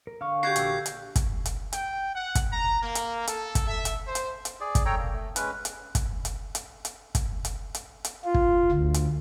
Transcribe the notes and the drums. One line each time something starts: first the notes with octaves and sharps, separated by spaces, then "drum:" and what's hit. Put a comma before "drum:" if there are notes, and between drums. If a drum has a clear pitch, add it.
A#4
D3 F5 C#6
F#4 G4 G6 G#6 C7
A#1 E6, drum: hi-hat
drum: hi-hat
drum: kick, hi-hat
drum: hi-hat
G5, drum: hi-hat
F#5
drum: kick, hi-hat
A#5
A#3
drum: hi-hat
A4, drum: hi-hat
drum: kick, hi-hat
E5
drum: hi-hat
C5
drum: hi-hat
drum: hi-hat
G#4 D5
drum: kick, hi-hat
A4 C#5 G5 A#5
A#3
A3
G#3 C#4 B4, drum: hi-hat
drum: hi-hat
drum: kick, hi-hat
drum: hi-hat
drum: hi-hat
drum: hi-hat
drum: kick, hi-hat
drum: hi-hat
drum: hi-hat
drum: hi-hat
F4
drum: kick
D2
drum: hi-hat